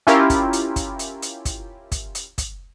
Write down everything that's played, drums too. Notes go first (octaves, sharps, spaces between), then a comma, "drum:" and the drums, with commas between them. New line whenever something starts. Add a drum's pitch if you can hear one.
C#4 E4 F4 G4 A#4
drum: kick, hi-hat
drum: hi-hat
drum: kick, hi-hat
drum: hi-hat
drum: hi-hat
drum: kick, hi-hat
drum: kick, hi-hat
drum: hi-hat
drum: kick, hi-hat